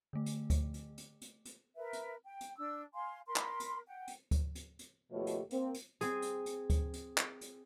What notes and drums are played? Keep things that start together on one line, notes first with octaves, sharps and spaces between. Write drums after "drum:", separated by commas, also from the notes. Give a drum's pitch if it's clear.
D3 A3
drum: hi-hat
drum: kick D2, hi-hat
drum: hi-hat
drum: hi-hat
drum: hi-hat
drum: hi-hat
A#4 B4 E5
drum: hi-hat
G5
drum: hi-hat
D4 E6
F5 G#5 C6
A#4 B5 C6
drum: clap
drum: hi-hat
F#5 G5
drum: hi-hat
drum: kick D2, hi-hat
drum: hi-hat
drum: hi-hat
D#2 B2 F3 A3 G4 C#5
drum: hi-hat
A#3 C4, drum: hi-hat
drum: hi-hat
C4 G#4, drum: hi-hat
drum: hi-hat
drum: hi-hat
drum: kick D2, hi-hat
drum: hi-hat
drum: clap
drum: hi-hat